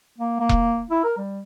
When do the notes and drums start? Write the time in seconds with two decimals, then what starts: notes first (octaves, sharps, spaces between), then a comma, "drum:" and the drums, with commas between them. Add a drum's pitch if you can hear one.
0.18 A#3
0.40 A#3
0.49 drum: kick E1
0.90 E4
1.04 A#4
1.17 G3